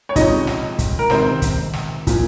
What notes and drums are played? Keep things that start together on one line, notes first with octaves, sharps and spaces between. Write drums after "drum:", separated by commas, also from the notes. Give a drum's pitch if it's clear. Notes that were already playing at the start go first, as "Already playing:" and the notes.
C#5
C#2 C3 F3 D#4 D#5, drum: kick, hi-hat
drum: snare
drum: kick, hi-hat
A#4
C#2 C3 D#3 C4 C5, drum: snare
drum: kick, hi-hat
drum: snare
A#2 F3, drum: kick, hi-hat